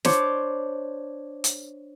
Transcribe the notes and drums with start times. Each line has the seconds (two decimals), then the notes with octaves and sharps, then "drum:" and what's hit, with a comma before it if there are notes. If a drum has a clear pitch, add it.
0.05 D4 C5 C#5 C6 D6, drum: snare
1.44 drum: hi-hat